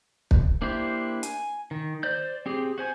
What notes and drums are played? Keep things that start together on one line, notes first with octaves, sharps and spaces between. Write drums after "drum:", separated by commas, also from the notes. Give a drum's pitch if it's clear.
drum: kick
A#3 D4 E4 G4 C5
G#5, drum: hi-hat
D#3
C5 D5 G6
C4 G4 G#4
F#4 C5 G#5